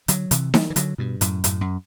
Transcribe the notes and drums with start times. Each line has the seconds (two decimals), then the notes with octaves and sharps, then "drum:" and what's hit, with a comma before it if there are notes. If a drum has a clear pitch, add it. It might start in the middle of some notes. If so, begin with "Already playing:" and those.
0.08 D3 F#3, drum: hi-hat
0.31 C3 E3, drum: hi-hat
0.54 E3 G3, drum: snare D#4
0.70 E3
0.76 D3 F#3, drum: hi-hat
0.98 G2 B2
1.21 F#2 A2, drum: hi-hat
1.44 F#2 A2, drum: hi-hat
1.61 F#2